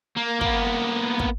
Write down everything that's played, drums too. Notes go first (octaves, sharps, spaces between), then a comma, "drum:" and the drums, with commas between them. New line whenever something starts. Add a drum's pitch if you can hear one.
A#3
A#3 B3, drum: kick
drum: kick